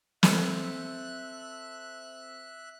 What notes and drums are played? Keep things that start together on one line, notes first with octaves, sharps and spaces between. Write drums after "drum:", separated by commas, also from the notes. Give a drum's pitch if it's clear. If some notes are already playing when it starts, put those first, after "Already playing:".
C4 A4 E5 F#6, drum: snare